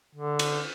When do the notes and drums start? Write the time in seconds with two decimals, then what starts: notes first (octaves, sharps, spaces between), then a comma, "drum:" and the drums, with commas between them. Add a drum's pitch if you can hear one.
0.15 D3
0.39 drum: cymbal